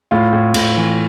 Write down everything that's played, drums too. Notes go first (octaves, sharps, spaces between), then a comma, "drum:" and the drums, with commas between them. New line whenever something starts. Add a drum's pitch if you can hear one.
A2 F4
A2
A2, drum: cymbal
E3